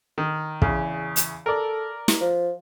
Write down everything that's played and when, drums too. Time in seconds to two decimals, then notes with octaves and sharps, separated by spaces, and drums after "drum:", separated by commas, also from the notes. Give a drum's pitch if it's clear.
0.18 D#3
0.62 E2 C#3, drum: kick
1.16 drum: hi-hat
1.46 A4 A#4 D5
2.08 drum: snare
2.21 F3